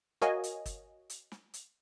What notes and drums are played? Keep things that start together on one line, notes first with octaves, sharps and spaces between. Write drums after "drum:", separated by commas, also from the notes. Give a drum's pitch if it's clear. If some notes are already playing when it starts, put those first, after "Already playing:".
F#4 A#4 C#5 D#5 F5 G#5, drum: snare
drum: hi-hat
drum: kick, hi-hat
drum: hi-hat
drum: snare
drum: hi-hat